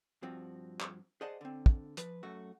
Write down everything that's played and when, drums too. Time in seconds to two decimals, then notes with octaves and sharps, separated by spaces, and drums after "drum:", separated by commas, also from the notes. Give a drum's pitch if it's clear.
0.23 G2 F3 C4 F#4
0.81 drum: clap
1.21 G#4 C5 D5 D#5 F#5 A5
1.41 D3 C4
1.66 drum: kick
1.97 F3 B4, drum: hi-hat
2.23 F#2 A3 F#4